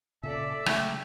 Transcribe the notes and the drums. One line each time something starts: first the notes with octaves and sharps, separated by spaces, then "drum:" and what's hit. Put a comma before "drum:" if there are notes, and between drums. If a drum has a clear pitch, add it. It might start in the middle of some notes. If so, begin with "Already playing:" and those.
A#2 C#3 A4 D5 E5
C#3 F#3 G#3 A3 G4, drum: rim click